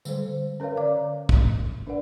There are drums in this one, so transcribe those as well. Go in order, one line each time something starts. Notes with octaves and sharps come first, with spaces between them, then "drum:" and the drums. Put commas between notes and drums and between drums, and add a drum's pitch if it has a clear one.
D3 G3 G#3 A4 C5, drum: tambourine
C#4 A#4 B4 C#5 F5
D3 D5 F5 A#5 D6
drum: kick
D4 A#4 B4 D5 F#5